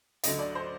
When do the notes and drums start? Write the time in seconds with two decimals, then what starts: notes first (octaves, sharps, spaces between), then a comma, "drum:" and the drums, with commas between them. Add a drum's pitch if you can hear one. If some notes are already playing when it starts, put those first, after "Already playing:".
0.24 D2 D3 F#3 D#5, drum: hi-hat
0.39 D5
0.55 C5